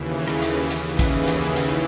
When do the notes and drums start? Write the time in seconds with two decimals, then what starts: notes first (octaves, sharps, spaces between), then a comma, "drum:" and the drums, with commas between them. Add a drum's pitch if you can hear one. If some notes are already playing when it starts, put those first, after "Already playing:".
Already playing: D#2 C#3 E3
0.28 drum: rim click
0.42 drum: hi-hat
0.70 drum: hi-hat
0.84 D#2 C#3 E3 B4 D#5
0.99 drum: kick, hi-hat
1.28 drum: hi-hat
1.42 C#5 E5
1.56 drum: hi-hat